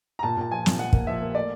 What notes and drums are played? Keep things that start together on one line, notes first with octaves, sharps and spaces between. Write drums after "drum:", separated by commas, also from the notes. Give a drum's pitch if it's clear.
A#5
A#2 A5
A#2 A5
F3 G#5
A#2, drum: snare
A#2 F#5
A#3, drum: kick
F3 E5
A#3
A3 D5